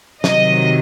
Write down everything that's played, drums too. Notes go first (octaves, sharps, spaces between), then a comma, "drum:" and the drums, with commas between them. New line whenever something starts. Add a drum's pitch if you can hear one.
C3 D#3 F#3 D#5, drum: snare